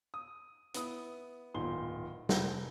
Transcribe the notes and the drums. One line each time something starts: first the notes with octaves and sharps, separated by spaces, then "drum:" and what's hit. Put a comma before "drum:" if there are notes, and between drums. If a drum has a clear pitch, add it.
D#6
B3 E4 D#6, drum: hi-hat
D1 G1 A#2 D#3 C6 G7
F1 G7, drum: snare